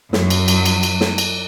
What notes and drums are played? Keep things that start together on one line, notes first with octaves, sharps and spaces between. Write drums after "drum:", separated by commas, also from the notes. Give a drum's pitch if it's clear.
F#2 F#3, drum: snare
drum: cymbal
drum: cymbal
drum: cymbal
drum: cymbal
drum: snare
drum: cymbal